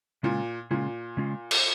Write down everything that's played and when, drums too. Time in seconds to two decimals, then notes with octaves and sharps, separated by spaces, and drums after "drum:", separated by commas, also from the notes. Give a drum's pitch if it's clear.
0.23 A#2 C#3 G#3 C#4 F4
0.71 A#2 C#3 G#3 C#4 F4
1.17 C#3 G#3 C#4 F4
1.51 drum: cymbal